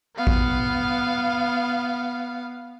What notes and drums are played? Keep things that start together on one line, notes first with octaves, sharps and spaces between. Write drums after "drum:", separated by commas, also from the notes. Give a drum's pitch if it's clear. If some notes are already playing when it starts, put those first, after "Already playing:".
B3 F5
drum: kick A1